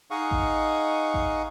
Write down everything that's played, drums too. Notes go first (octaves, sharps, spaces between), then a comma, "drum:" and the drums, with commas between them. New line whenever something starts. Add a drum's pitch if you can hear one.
D#4 G#4 D#5 F5 F#5 C#6
drum: kick A1
drum: kick A1